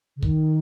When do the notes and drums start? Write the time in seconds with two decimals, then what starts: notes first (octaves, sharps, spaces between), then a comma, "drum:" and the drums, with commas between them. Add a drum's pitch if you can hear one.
0.16 C#3
0.23 D#3, drum: kick